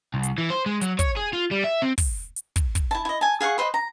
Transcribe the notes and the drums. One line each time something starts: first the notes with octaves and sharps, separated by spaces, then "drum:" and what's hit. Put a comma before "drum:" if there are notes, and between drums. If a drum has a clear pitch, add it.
C2
drum: hi-hat
E3
C5
G#3
F#3, drum: hi-hat
C#5, drum: kick, hi-hat
G#4
F4
G3
E5
C4
drum: kick, open hi-hat
drum: hi-hat
drum: kick, hi-hat
drum: kick, hi-hat
E4 A5
E4 D#5
G#5 A5
G#4 F5 F#5 C#6
B4 C5 D#5
A#5